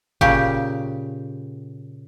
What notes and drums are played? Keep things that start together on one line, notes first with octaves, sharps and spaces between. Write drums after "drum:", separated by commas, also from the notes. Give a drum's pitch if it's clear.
A#2 C#3 G4, drum: kick